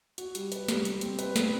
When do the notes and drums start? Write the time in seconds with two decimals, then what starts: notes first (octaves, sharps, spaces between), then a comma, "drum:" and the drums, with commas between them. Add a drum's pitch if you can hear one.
0.18 F#4, drum: hi-hat
0.35 G3, drum: hi-hat
0.52 B4, drum: hi-hat
0.68 G3, drum: snare
0.85 G3, drum: hi-hat
1.01 C4, drum: hi-hat
1.19 B4, drum: hi-hat
1.36 B4, drum: snare